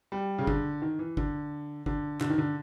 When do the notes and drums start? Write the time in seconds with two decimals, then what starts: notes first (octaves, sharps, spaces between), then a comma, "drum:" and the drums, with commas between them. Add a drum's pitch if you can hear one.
0.12 G3
0.38 C#3
0.47 D3, drum: kick
0.82 D#3
0.99 E3
1.17 D3, drum: kick
1.86 D3, drum: kick
2.21 D3, drum: clap
2.30 D#3
2.38 D3